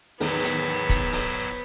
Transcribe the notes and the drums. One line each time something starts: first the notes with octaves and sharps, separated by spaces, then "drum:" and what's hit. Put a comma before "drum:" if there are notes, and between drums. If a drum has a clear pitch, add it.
E2 A2 D#3 F#3 B3 C5, drum: open hi-hat
drum: hi-hat
drum: kick C#1, hi-hat
drum: open hi-hat